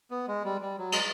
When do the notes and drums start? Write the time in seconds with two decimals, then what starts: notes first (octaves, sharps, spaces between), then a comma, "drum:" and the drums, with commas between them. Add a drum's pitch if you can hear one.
0.11 B3
0.28 G#3
0.45 G3
0.61 G3
0.78 F#3
0.92 G#3, drum: cymbal